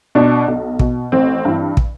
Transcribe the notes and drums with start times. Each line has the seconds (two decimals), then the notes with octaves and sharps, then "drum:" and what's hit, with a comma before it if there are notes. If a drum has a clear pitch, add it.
0.15 B2 D4
0.48 B1
0.79 B2, drum: kick
1.12 A1 C4
1.45 G2 E3
1.77 drum: kick